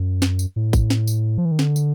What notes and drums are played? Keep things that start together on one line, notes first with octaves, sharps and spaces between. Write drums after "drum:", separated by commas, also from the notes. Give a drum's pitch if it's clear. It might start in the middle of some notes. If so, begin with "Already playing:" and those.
Already playing: F#2
drum: snare
drum: tambourine
A2
drum: kick A1, tambourine
drum: snare
drum: tambourine
F3
E3
D#3
D3, drum: snare
drum: tambourine